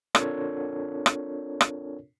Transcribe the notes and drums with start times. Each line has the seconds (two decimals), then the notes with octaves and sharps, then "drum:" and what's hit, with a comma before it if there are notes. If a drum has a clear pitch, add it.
0.15 C4 D4 F4 A4 A#4 C#5, drum: rim click
1.06 drum: rim click
1.61 drum: rim click